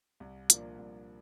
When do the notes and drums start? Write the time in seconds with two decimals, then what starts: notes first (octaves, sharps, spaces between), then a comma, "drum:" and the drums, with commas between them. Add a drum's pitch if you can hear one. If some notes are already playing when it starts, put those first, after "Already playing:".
0.20 C2
0.50 A#2 F3 A#3 D4, drum: hi-hat
0.79 C2